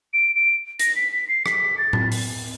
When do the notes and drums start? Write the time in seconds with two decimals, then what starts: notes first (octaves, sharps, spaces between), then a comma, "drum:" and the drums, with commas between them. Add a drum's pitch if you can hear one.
0.14 D7
0.36 D7
0.80 A#6, drum: hi-hat
0.96 B6
1.12 B6
1.29 C7
1.46 B6, drum: rim click
1.78 A6
1.93 drum: tom A2
2.12 drum: open hi-hat